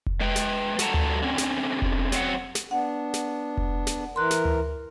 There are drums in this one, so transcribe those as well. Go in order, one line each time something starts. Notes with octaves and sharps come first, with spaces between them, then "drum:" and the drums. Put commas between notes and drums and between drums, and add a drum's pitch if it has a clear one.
drum: kick F1
G#3 B4 G5
drum: snare
G2 F#4 A4 F#5 A5 A#5, drum: snare
drum: tom D2
D3 C4 C#4
drum: snare
drum: kick F1
F#3 C4 F5 F#5, drum: snare
drum: snare
B3 D4 F#5
drum: snare
drum: kick F1
drum: snare
E3 A#4 C6 F#6
drum: snare
drum: tom D2